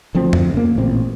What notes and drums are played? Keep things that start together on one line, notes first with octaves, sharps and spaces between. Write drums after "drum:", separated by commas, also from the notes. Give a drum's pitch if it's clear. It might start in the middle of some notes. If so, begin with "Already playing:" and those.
D2 F3 C4
drum: tom
C#3 A#3
A1 A#2 C4